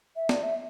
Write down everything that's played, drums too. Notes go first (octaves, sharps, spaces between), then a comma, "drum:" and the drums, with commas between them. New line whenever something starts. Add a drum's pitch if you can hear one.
E5
D5, drum: snare
E5